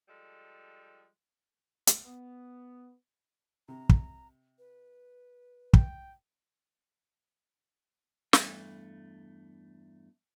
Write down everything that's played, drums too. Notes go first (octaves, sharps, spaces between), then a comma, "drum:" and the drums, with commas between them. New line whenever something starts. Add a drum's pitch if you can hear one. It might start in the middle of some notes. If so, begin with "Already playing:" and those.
F3 G3 G#3 A4
drum: hi-hat
B3
C3 A#5
drum: kick
B4
G5, drum: kick
E2 G2 A3, drum: snare